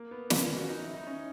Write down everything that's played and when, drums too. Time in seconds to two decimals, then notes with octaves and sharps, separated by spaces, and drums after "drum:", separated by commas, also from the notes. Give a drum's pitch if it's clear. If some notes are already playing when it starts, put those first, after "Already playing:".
Already playing: A#3
0.11 B3
0.30 C#4, drum: snare
0.56 F#4
0.69 D#4
0.81 E4
0.94 D#4
1.07 C#4